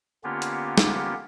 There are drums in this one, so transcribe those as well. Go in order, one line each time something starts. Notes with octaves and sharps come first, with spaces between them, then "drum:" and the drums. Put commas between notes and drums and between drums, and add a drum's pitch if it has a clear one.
D3 A#3 B3 C#4 F4 G4
drum: hi-hat
drum: snare